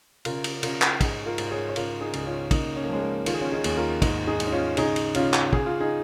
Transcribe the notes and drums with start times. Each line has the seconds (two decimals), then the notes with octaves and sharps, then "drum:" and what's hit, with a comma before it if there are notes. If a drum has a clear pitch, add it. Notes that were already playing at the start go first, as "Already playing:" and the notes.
0.25 C#3 F4 A#4, drum: cymbal
0.44 drum: cymbal
0.63 C#3 F4 A#4, drum: cymbal
0.82 drum: clap
1.01 G#2 D#4 G#4, drum: kick, cymbal
1.26 F4 A#4
1.38 G#2, drum: cymbal
1.51 G#4 C#5
1.69 C#5
1.76 C#3 F4 A#4, drum: cymbal
2.01 D#4 G#4
2.14 C#2 G#4, drum: cymbal
2.26 C#4 F4
2.51 C#3 A#3 D#4, drum: kick, cymbal
2.76 C#4
2.84 A#3
2.89 F3 G#3 C#4
3.01 A#3
3.26 D#3 F4, drum: cymbal
3.34 G#4
3.41 C#4 F4
3.52 D#4 G#4
3.64 D#2 G#4, drum: cymbal
3.77 F4 A#4
4.02 G#2 D#4 G#4, drum: kick, cymbal
4.27 D#4 G#4
4.40 G#2, drum: cymbal
4.47 D#4
4.52 C#4 F4
4.77 C#3 D#4 G#4, drum: cymbal
4.96 drum: cymbal
5.15 C#3 C#4 F4, drum: cymbal
5.34 drum: clap
5.53 C#3 G#4, drum: kick
5.66 F4
5.80 D#4 G#4